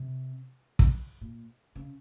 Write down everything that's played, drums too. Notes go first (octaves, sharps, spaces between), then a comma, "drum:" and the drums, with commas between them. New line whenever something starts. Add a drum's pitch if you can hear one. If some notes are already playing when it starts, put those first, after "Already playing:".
Already playing: C3
drum: kick
A#2
C#3